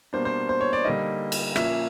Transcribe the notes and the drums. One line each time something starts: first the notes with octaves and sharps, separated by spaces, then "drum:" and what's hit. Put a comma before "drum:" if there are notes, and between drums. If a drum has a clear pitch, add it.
B2 G3 A#3 D4 C5
C5
C5
C#5
D5
D3 G3 A#3 D#4 D#5
drum: cymbal
A#2 F3 A#3 C#4 E5, drum: rim click